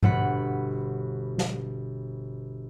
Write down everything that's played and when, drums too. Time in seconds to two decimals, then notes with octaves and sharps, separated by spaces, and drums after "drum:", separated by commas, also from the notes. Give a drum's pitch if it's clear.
0.03 G1 B2 F#5 B5, drum: tom G#2
1.38 drum: snare